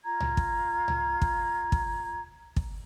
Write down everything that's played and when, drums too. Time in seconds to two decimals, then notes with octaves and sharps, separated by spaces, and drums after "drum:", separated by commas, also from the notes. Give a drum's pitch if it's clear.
0.04 F4 A#5 G#6
0.20 drum: tom C2
0.37 drum: kick
0.88 drum: tom C2
1.22 drum: kick
1.72 drum: kick
2.56 drum: kick